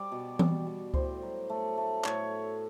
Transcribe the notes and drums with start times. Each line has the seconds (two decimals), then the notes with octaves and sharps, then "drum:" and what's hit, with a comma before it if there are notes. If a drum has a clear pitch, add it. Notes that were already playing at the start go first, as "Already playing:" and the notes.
Already playing: G3 D5
0.12 B2
0.39 G3, drum: tom E3
0.67 G3
0.94 A2 C5, drum: kick C#2
1.22 F#3
1.49 A3
1.77 A3
2.05 A2 C#5, drum: clap